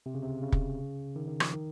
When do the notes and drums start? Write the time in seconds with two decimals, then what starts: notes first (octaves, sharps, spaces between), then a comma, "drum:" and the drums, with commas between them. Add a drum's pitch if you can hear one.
0.06 C3
0.14 C#3
0.23 C3
0.42 C#3
0.52 drum: kick
1.16 D#3
1.28 D#3
1.40 F3, drum: rim click
1.53 D#3